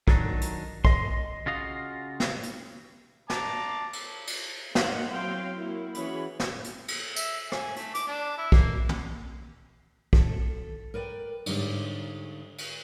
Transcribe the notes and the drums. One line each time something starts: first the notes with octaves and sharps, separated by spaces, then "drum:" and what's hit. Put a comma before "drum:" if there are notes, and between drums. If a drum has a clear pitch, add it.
D#3 F#3 D4 D#4, drum: kick
drum: hi-hat
D#5 C6, drum: kick
C#3 F4 F#4 D#5 F5
drum: snare
drum: hi-hat
A5 A#5 D6, drum: snare
drum: cymbal
drum: cymbal
D#3 A#3 A#4 C5 F5 F#5, drum: snare
F#3 C4 E4 F5 G5 C6
A#3 E4 F#4
E3 C#4 F#4 G#4 C#5 B5, drum: hi-hat
drum: snare
drum: hi-hat
drum: cymbal
E5, drum: tambourine
G#5, drum: rim click
A3, drum: hi-hat
D6, drum: hi-hat
D4
E4
A#3, drum: kick
drum: tom
A4, drum: kick
A#4 B4 D5 F#5 G5
G#2 D3 G3 D4 D#4, drum: cymbal
drum: cymbal